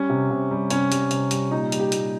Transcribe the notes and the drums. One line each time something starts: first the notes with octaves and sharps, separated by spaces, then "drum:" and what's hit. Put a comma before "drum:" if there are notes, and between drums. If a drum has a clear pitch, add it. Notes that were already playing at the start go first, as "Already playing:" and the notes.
Already playing: G3 C#4
C3
C3
G3
C3 C#4, drum: hi-hat
G3, drum: hi-hat
C3, drum: hi-hat
G3, drum: hi-hat
A#2 D#4
G3, drum: hi-hat
G4
A#2, drum: hi-hat